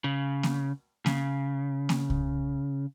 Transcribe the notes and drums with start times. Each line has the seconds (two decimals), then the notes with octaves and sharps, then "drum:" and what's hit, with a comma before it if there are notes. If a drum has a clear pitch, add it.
0.04 C#3
0.43 drum: snare A#3
1.06 C#3, drum: snare A#3
1.89 drum: snare A#3
2.10 drum: kick C2